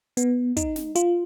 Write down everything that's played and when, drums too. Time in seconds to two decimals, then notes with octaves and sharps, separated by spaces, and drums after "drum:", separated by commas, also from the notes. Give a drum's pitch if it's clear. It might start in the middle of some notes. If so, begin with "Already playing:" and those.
0.17 B3, drum: hi-hat
0.57 D#4, drum: kick, hi-hat
0.76 drum: snare
0.95 F4, drum: hi-hat